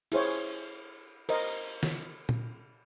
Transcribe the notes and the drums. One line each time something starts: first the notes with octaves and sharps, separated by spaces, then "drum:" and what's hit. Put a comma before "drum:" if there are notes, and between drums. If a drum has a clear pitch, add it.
E4 G#4 C5 C#5, drum: cymbal
A#4 C5 D#5, drum: cymbal
drum: snare
drum: tom A#2